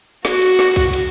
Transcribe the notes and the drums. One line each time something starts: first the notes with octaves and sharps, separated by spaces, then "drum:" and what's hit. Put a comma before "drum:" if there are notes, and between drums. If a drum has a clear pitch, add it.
F#4, drum: snare
drum: cymbal
drum: snare
drum: kick B1, cymbal
drum: cymbal